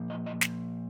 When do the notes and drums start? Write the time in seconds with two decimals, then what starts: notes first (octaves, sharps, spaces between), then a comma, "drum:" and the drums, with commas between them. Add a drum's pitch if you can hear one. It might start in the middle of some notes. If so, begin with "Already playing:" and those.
Already playing: A#2 F3
0.10 D#5
0.26 D#5
0.41 drum: snare